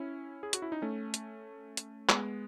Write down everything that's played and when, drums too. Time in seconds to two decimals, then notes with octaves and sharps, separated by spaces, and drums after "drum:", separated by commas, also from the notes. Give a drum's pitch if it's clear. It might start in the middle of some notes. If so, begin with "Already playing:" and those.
Already playing: C#4 E4
0.43 G#4
0.53 F#4, drum: hi-hat
0.62 E4
0.72 D#4
0.82 A3 C#4
1.14 drum: hi-hat
1.77 drum: hi-hat
2.09 G#3 B3, drum: clap